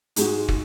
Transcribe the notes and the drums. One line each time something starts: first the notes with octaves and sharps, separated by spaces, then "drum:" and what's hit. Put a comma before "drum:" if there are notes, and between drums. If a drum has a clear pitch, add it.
G#2 G#3 F#4, drum: hi-hat
drum: kick